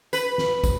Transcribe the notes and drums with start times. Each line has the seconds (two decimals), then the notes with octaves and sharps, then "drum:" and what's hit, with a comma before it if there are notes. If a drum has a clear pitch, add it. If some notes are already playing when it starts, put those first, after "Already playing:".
0.13 B4, drum: tambourine
0.38 drum: snare
0.64 drum: kick, tambourine